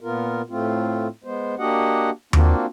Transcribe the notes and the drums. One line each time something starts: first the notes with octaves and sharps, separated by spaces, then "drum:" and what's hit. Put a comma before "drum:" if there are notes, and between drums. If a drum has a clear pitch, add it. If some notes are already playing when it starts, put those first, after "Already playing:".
A#2 B3 F4 A#4
A2 A3 C4 F4
G#3 B3 C5
A#3 D4 F#4 G4 D#5 F#5
A#3 C4 D4 F4 F#4, drum: tom D#2